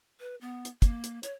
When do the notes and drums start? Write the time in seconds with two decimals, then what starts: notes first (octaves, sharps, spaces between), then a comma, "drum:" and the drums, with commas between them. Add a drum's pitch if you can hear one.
0.20 B4
0.41 B3
0.65 drum: hi-hat
0.82 A#3, drum: kick, hi-hat
1.04 drum: hi-hat
1.23 C#5, drum: hi-hat